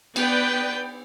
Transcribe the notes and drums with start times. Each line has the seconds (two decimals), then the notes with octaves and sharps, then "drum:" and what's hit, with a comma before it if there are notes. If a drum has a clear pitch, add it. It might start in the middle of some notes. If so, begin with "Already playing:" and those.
0.16 B3 B4 D5 G5, drum: cymbal